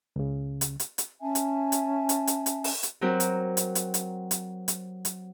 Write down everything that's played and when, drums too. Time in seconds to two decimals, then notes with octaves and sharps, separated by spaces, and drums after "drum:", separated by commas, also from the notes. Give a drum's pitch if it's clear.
0.16 C#2 C#3
0.61 drum: hi-hat
0.80 drum: hi-hat
0.98 drum: hi-hat
1.22 C#4 E5 G#5 A5
1.35 drum: hi-hat
1.72 drum: hi-hat
2.09 drum: hi-hat
2.27 drum: hi-hat
2.46 drum: hi-hat
2.64 drum: open hi-hat
2.83 drum: hi-hat
3.01 F#3 C4 F#4 G4 A#4
3.20 drum: hi-hat
3.57 drum: hi-hat
3.75 drum: hi-hat
3.94 drum: hi-hat
4.31 drum: hi-hat
4.68 drum: hi-hat
5.05 drum: hi-hat